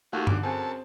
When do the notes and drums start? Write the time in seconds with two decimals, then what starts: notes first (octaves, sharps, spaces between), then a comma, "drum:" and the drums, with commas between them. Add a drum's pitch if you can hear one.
0.13 D#2 A3 F4 F#4
0.27 B1 D3 D6, drum: tom G2
0.43 F#2 C4 G#4 A4 A5